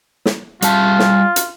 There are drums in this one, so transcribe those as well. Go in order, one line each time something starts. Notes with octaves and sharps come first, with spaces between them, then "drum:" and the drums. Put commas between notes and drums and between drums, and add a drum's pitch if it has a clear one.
drum: snare
G3 F4 G#4 A5, drum: hi-hat
drum: snare
drum: hi-hat